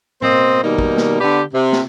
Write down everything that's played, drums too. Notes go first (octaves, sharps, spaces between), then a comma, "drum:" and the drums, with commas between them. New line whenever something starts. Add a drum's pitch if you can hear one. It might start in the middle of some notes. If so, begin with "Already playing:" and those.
B2 A#3 C4 C5 D#5, drum: tom
B2 D#3 G3 A#3 D#4
drum: kick
drum: snare
D3 B3 G4 B4 D5
C3
drum: snare